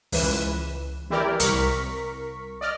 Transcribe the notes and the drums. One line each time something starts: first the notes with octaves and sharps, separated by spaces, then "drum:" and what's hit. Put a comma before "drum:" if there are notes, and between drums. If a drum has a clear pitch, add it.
C#2 E3 B4 E7, drum: open hi-hat
E3 E4 G4 A#4 D5
C2 A#4 C#6 B6, drum: hi-hat
D5 D#5 F6